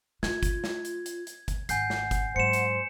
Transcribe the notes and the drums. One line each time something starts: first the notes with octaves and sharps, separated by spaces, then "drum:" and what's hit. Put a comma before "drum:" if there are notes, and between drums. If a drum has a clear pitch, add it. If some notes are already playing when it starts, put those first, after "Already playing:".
D#4 F4 G#6, drum: snare
drum: kick G1, hi-hat
drum: snare
drum: hi-hat
drum: hi-hat
drum: hi-hat
drum: kick G1, hi-hat
G#1 F#5 G#5 G6 C7, drum: hi-hat
drum: snare
drum: kick G1, hi-hat
G#2 F#3 C5 C#7 E7
drum: hi-hat